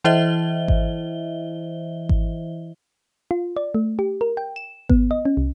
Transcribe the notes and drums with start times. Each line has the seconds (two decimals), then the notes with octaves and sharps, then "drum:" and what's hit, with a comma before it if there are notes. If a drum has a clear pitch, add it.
0.04 E3 E4 C5 D#5 E5 G7
0.68 drum: kick G#1
2.09 drum: kick G#1
3.31 F4
3.57 D5
3.75 A3
3.99 G4
4.21 A#4
4.37 G5
4.56 E7
4.89 B3, drum: kick G#1
5.11 D#5
5.25 C#4
5.37 C2